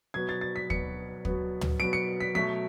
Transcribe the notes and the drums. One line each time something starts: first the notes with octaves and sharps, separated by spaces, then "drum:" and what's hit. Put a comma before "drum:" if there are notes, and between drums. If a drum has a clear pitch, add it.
B2 F#3 B3 G#6
A6
A6
B6
B2 F#3 B3 C#7, drum: kick
B2 F#3 B3, drum: kick
drum: tom
B2 F#3 B3 D7
C#7
B6
B2 F#3 A3 B6